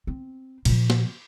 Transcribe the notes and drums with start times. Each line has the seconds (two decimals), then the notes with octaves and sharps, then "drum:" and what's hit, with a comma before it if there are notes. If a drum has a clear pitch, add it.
0.07 C4
0.65 A#2 F3, drum: cymbal
0.90 drum: snare